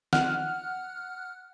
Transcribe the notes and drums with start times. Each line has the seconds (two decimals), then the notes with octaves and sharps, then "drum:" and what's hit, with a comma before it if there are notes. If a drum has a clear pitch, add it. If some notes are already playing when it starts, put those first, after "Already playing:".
0.13 F#5 F6 F#6, drum: snare